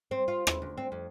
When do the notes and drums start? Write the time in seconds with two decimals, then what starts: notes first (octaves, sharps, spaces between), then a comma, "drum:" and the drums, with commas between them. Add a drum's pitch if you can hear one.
0.11 C4
0.28 F4
0.47 E4, drum: rim click
0.62 D2
0.77 C4
0.92 F2